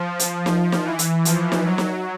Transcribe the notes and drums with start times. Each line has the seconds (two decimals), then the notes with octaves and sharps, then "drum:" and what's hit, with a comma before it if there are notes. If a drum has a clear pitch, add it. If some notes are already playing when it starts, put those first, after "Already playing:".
Already playing: F3
0.19 drum: hi-hat
0.46 drum: snare
0.72 drum: snare
0.85 E3
0.99 drum: hi-hat
1.25 F3, drum: hi-hat
1.52 drum: snare
1.65 F#3
1.78 drum: snare